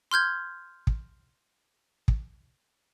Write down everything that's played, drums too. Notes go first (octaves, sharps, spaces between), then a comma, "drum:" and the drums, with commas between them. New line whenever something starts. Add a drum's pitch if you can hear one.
C6 F6 G6 G#6
drum: kick
drum: kick